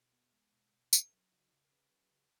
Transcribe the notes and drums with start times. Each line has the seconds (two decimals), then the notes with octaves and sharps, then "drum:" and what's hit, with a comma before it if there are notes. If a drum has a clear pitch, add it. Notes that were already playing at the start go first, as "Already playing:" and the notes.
Already playing: B2 F4 G#4
0.13 B3
0.32 G#3
0.52 B2
0.73 B2
0.93 C#4 F#4 A#4, drum: tambourine
1.12 F#3
1.31 C#3 D#4 F#4
1.52 C#3
1.65 A#4
1.71 C#4 G#4 B4
1.91 F#3
2.11 C#3